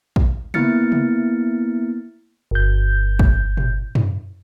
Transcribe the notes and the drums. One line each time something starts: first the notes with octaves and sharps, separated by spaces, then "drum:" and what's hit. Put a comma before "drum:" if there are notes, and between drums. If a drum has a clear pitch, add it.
drum: kick
A#3 B3 E4 F6 A6 C#7, drum: tom C3
drum: tom C3
G1 G6
drum: kick
drum: tom
drum: tom F#2